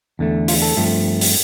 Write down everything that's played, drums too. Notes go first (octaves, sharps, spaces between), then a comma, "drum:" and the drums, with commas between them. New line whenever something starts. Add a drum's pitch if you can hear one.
E2 D3 A3
F4, drum: open hi-hat
A4
G2 F3 A3 C4
drum: open hi-hat